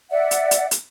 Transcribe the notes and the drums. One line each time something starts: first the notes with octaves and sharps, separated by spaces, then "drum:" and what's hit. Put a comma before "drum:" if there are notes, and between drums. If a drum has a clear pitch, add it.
D5 E5 F#5
drum: hi-hat
drum: hi-hat
drum: hi-hat